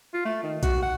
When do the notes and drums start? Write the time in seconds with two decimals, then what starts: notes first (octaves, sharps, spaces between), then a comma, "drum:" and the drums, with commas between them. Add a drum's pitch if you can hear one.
0.14 F4
0.25 A3
0.43 D#3
0.63 F#4, drum: kick B1, hi-hat
0.83 F#5